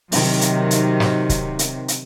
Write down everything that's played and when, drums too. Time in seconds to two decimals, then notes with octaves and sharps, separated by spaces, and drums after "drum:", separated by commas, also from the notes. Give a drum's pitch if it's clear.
0.12 C3 D#3 F#3, drum: open hi-hat
0.41 drum: hi-hat
0.71 drum: hi-hat
1.00 drum: snare
1.29 drum: kick, hi-hat
1.59 drum: hi-hat
1.88 drum: hi-hat